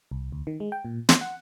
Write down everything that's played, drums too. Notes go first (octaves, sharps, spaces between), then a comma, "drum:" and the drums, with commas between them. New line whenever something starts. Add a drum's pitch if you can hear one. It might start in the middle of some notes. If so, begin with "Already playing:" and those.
C2
D2
D#3
G#3
G5
A#2
C6, drum: snare
F#5